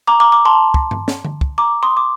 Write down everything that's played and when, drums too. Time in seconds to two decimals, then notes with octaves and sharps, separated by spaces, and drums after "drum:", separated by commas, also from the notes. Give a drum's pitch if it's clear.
0.07 A#5 D6
0.20 A#5 D6
0.32 A#5 D6
0.45 A5 C6
0.74 drum: kick
0.91 drum: tom G2
1.08 drum: snare
1.25 drum: tom D3
1.41 drum: kick
1.58 A#5 D6
1.83 C6 D#6
1.97 D6